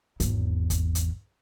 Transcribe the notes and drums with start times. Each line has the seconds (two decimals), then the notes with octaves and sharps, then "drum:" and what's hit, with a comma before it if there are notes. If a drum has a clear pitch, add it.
0.20 G#1 E2, drum: hi-hat
0.70 drum: kick, hi-hat
0.95 drum: hi-hat